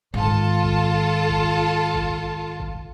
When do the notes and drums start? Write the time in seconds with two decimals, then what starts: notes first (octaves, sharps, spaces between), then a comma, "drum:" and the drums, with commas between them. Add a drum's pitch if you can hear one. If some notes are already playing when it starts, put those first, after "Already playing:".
0.14 G#2 D#3 F4 A4 A5
0.63 drum: kick
1.29 drum: kick
1.94 drum: kick
2.60 drum: kick